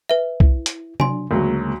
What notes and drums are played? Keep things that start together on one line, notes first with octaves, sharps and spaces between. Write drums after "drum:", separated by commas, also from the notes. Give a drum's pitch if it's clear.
B4 E5
E4, drum: kick B1
drum: hi-hat
F#3 D4 G#5 C6, drum: tom C3
D2 C#3 F#3 G#3 A#3